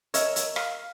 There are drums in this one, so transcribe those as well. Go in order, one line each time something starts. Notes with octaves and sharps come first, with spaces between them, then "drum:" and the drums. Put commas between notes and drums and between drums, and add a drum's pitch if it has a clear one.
A#4 C#5 D#5 E5 E6, drum: hi-hat
drum: hi-hat
F5, drum: rim click